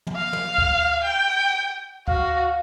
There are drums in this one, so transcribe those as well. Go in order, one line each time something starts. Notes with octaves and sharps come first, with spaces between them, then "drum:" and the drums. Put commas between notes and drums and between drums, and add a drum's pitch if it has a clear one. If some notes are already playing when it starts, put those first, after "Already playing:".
drum: tom
F5
drum: tom
drum: kick D2
G5
F#4 F5, drum: kick D2